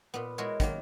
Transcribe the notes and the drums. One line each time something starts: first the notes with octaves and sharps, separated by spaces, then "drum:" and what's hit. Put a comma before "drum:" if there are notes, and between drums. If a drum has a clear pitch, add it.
A#2 B3
G#3 E4 F#4 A#4 C#5
D#3 F#3 A#3, drum: kick, hi-hat